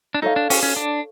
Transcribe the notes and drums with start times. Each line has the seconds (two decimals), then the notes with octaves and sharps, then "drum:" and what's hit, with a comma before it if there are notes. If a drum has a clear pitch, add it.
0.14 D4
0.22 D#4 A4 C#5 F5
0.36 D4
0.50 C#4, drum: open hi-hat
0.63 C#4
0.76 D4